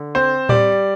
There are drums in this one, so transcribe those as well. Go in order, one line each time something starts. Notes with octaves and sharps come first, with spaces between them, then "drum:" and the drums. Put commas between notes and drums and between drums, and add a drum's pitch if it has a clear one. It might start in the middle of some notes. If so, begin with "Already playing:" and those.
Already playing: D3
C4 C5
G3 D5, drum: tom A2